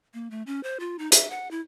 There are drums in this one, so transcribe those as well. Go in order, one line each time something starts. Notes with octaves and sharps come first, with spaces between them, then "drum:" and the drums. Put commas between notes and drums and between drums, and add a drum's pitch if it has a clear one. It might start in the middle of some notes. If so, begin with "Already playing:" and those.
A#3
A3
C#4
C5
F4
D#4
E5, drum: hi-hat
F#5
E4